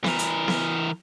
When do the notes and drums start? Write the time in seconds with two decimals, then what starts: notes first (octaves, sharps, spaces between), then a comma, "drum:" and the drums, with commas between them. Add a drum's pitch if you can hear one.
0.04 E3 A#4, drum: snare B3
0.19 drum: hi-hat
0.48 drum: snare B3